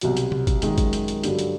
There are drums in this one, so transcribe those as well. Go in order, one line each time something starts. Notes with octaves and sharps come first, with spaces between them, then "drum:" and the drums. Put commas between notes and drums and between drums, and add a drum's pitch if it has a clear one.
C2 B2 F#3, drum: hi-hat
drum: hi-hat
drum: tom C3
drum: kick G1, hi-hat
F#2 D#3 G#3, drum: hi-hat
drum: kick G1, hi-hat
drum: hi-hat
drum: hi-hat
G2 D3 F#3, drum: hi-hat
drum: hi-hat